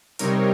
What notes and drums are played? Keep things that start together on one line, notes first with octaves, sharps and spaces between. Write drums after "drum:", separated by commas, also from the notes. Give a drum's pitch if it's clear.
C3 G3 C4 D#4 A#4 C#5, drum: hi-hat